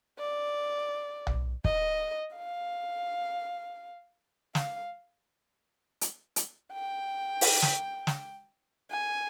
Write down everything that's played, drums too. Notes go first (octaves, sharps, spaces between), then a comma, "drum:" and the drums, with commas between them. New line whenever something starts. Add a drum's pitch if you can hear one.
D5
drum: tom B1
D#5, drum: kick
F5
F5, drum: snare
drum: hi-hat
drum: hi-hat
G5
drum: open hi-hat
drum: snare
drum: snare
G#5